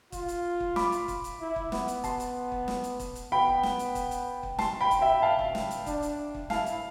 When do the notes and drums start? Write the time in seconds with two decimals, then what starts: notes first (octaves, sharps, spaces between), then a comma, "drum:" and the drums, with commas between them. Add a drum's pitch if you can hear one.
0.12 F4, drum: kick, hi-hat
0.28 drum: hi-hat
0.60 drum: kick
0.76 B5 D6, drum: snare
0.92 drum: hi-hat
1.08 drum: kick, hi-hat
1.24 drum: hi-hat
1.40 E4
1.56 drum: kick
1.72 B3, drum: snare
1.88 drum: hi-hat
2.04 A5 C6, drum: kick, hi-hat
2.20 drum: hi-hat
2.52 drum: kick
2.68 drum: snare
2.84 drum: hi-hat
3.00 drum: kick, hi-hat
3.16 drum: hi-hat
3.32 B3 G5 B5
3.47 drum: kick
3.63 drum: snare
3.79 drum: hi-hat
3.95 drum: kick, hi-hat
4.11 drum: hi-hat
4.43 drum: kick
4.58 A5 C6, drum: snare
4.81 G5 B5
4.91 drum: kick, hi-hat
5.01 E5 G5
5.22 F5 A5
5.39 drum: kick
5.55 drum: snare
5.71 drum: hi-hat
5.87 D4, drum: kick, hi-hat
6.03 drum: hi-hat
6.34 drum: kick
6.50 E4 F5 A5, drum: snare
6.66 drum: hi-hat